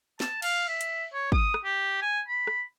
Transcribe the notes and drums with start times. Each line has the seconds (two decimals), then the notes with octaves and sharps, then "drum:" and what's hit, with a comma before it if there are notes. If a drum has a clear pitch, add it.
0.20 A5, drum: snare
0.42 F5, drum: cymbal
0.68 E5
0.81 drum: hi-hat
1.14 C#5
1.32 D#6, drum: kick
1.54 drum: rim click
1.64 G4
2.01 G#5
2.28 B5
2.47 drum: rim click